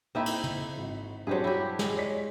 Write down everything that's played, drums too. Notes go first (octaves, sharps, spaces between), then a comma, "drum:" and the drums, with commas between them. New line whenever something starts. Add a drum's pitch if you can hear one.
A#3 C4 D#4 E4 E5 G5
drum: cymbal
drum: tom
G#1
G2 F#3 D4 G4 G#4 C5
E4 G4
G#3, drum: snare
C#5 D5 B6